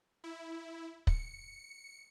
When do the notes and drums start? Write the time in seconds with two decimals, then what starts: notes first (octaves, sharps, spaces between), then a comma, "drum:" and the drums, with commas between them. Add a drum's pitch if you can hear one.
0.24 E4
1.07 C#7, drum: kick